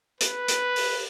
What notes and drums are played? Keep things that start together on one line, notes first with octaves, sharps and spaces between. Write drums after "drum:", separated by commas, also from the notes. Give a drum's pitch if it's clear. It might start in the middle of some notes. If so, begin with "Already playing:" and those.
B4, drum: hi-hat
drum: hi-hat
drum: open hi-hat